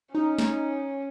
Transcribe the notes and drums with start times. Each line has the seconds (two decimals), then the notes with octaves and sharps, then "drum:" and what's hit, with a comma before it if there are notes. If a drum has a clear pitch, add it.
0.15 C#4 D#4
0.38 drum: snare